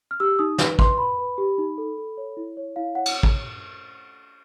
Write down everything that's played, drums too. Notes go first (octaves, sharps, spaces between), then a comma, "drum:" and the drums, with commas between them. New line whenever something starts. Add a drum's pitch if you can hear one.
F6
G4 E6
D#4 D#6
B4, drum: snare
B4 C6, drum: kick
B4 B5
B4
G4
D#4
A4
A4
C#5
E4
C#5
E4 F5
C#5 F#5
drum: cymbal
drum: kick